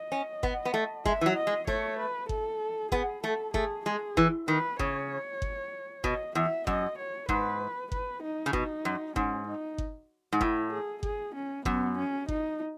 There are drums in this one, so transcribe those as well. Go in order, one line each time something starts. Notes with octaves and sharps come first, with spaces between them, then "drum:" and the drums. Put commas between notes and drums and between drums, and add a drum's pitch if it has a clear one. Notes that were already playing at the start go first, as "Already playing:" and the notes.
Already playing: D#5
C#4
B3, drum: kick G1
B3
A3
G#3 E5, drum: kick G1
E3
F#3
D#5
G#3
A3 C#5, drum: kick G1
B4
A4, drum: kick G1
B3 G#4, drum: kick G1
A3 A4
A3 G#4, drum: kick G1
G#3 G#4
E3, drum: kick G1
D#3 B4
C#3 C#5, drum: kick G1
drum: kick G1
B2 D#5, drum: kick G1
E2 E5
F#2 D#5, drum: kick G1
C#5
G#2 B4, drum: kick G1
B4, drum: kick G1
D#4
C#3
B2 D#4, drum: kick G1
F#2
G#2 C#4, drum: kick G1
D#4
drum: kick G1
G#2
A2 E4, drum: kick G1
G#4
G#4, drum: kick G1
C#4
F#2 B3, drum: kick G1
C#4
D#4, drum: kick G1